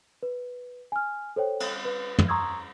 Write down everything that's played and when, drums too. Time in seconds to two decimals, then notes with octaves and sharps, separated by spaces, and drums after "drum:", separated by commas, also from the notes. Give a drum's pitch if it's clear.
0.23 B4
0.92 G#5 F6
1.36 A4 C5 C#5 G5
1.60 drum: cymbal
1.85 B4
2.19 drum: tom
2.28 A#5 C6 C#6 D#6 E6 G#6